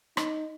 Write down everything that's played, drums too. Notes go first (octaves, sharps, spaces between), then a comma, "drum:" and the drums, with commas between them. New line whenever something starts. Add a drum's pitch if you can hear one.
D#4, drum: rim click